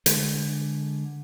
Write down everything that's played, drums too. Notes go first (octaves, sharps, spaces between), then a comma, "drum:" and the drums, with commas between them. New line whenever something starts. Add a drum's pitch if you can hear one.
D3 G#3, drum: hi-hat